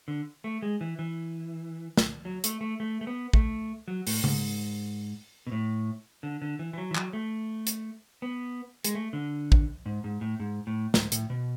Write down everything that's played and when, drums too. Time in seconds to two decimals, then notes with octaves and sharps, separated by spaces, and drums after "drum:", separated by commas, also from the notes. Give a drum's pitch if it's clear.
0.08 D3
0.44 A3
0.62 G#3
0.81 E3
0.99 E3
1.97 drum: snare
2.25 F#3
2.44 A3, drum: hi-hat
2.61 A3
2.80 A3
3.01 A3
3.07 B3
3.33 A3, drum: kick
3.88 F#3
4.07 A2, drum: open hi-hat
4.24 G#2, drum: tom C#3
5.47 B2
5.52 A2
6.23 D3
6.42 D3
6.59 E3
6.73 E3
6.78 F#3
6.91 E3
6.95 F#3, drum: clap
7.13 A3
7.67 drum: hi-hat
8.22 B3
8.85 G#3, drum: hi-hat
8.95 A3
9.13 D3
9.52 drum: kick
9.86 G#2
10.04 G#2
10.21 A2
10.40 G#2
10.67 A2
10.94 G#2, drum: snare
11.12 A2, drum: hi-hat
11.30 B2